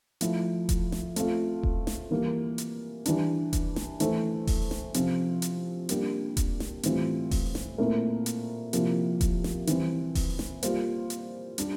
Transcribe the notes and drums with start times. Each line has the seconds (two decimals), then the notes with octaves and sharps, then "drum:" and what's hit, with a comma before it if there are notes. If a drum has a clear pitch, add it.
0.21 F3 A3 E4, drum: hi-hat
0.69 drum: kick E1, hi-hat
0.92 drum: snare
1.16 A3 C4 F4 A4, drum: hi-hat
1.63 drum: kick E1
1.87 drum: snare
2.11 E3 G3 A#3
2.58 drum: hi-hat
3.06 E3 G3 D4, drum: hi-hat
3.53 drum: kick E1, hi-hat
3.76 drum: snare
4.00 E3 A3 E4 A4 C5, drum: hi-hat
4.47 drum: kick E1, open hi-hat
4.71 drum: snare
4.94 C3 F3 C4 F4, drum: hi-hat
5.42 drum: hi-hat
5.89 G3 A#3 D4 G4, drum: hi-hat
6.37 drum: kick E1, hi-hat
6.60 drum: snare
6.83 A2 E3 G3 C4 F4, drum: hi-hat
7.31 drum: kick E1, open hi-hat
7.55 drum: snare
7.78 A#2 A3 C4 E4 A#4
8.26 drum: hi-hat
8.73 C3 F3 A#3 E4, drum: hi-hat
9.21 drum: kick E1, hi-hat
9.44 drum: snare
9.67 E3 G3 C4, drum: hi-hat
10.15 drum: kick E1, open hi-hat
10.39 drum: snare
10.63 G3 A#3 F4 C5, drum: hi-hat
11.10 drum: hi-hat
11.58 G3 D4 G4, drum: hi-hat